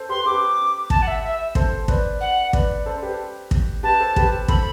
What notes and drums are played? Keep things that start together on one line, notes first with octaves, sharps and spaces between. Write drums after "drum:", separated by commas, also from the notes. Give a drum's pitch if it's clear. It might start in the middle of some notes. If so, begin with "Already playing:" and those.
Already playing: A4 C5
G4 B4 C6
G4 B4 D6
A5, drum: kick
F#5
E5
E5
A4 C5, drum: kick
B4 D5, drum: kick
F#5
B4 D5, drum: kick
A4 C5
C5
G4 B4
drum: kick
G4 B4 A5
A4 C5
G4 B4, drum: kick
A4 C5 B5, drum: kick